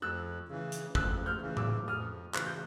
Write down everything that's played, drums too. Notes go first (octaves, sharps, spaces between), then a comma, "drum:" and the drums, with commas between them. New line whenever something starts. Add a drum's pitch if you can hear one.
F2 E6 F#6
C#3 E3
drum: hi-hat
F2 E6 F#6, drum: kick
F6 G6
C#3 E3
D6 E6, drum: tom A2
F2 D#6 F6
C#3 E3 F#6, drum: clap
G6